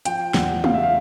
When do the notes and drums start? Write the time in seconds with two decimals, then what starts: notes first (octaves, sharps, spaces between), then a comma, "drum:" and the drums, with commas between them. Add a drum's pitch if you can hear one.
0.05 F3 G5, drum: hi-hat
0.34 E2 F#5, drum: snare
0.64 C#3 F5, drum: tom
0.74 E5
0.83 F5